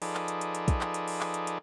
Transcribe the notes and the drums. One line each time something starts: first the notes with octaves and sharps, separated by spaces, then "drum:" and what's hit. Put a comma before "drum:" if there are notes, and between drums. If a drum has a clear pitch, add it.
F3 D#4 G#4 A4 B4 D5, drum: open hi-hat
drum: clap
drum: hi-hat
drum: hi-hat
drum: hi-hat
drum: kick, hi-hat
drum: clap
drum: hi-hat
drum: open hi-hat
drum: clap
drum: hi-hat
drum: hi-hat